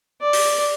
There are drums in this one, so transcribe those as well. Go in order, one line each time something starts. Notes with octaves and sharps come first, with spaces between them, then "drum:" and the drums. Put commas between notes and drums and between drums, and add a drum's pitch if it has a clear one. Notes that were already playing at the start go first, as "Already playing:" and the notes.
D5
drum: open hi-hat